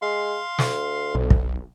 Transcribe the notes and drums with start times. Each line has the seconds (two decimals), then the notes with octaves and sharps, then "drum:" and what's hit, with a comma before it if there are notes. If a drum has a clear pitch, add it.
0.02 G#3 F5 C6
0.59 D2, drum: snare
1.15 B1
1.30 drum: kick